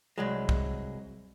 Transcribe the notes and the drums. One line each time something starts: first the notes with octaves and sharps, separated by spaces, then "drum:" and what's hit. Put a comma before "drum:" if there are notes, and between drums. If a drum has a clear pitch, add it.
C2 F#3 G#3
drum: kick